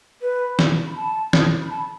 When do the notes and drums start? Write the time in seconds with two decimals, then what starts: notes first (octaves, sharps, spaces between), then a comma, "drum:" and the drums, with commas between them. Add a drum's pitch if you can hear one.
0.22 B4
0.59 drum: snare
0.87 B5
0.96 A5
1.33 drum: snare
1.61 B5
1.70 A5